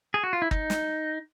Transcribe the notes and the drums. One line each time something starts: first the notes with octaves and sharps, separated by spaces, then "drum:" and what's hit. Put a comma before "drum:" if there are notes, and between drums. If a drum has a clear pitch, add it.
G#4
F#4
F4
E4
D#4, drum: kick
drum: snare